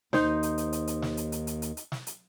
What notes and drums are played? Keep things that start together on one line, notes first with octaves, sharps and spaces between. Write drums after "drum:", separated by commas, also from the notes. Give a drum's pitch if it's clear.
D#2 D#4 C5, drum: snare
drum: hi-hat
drum: hi-hat
drum: hi-hat
drum: hi-hat
drum: snare
drum: hi-hat
drum: hi-hat
drum: hi-hat
drum: hi-hat
drum: hi-hat
drum: snare
drum: hi-hat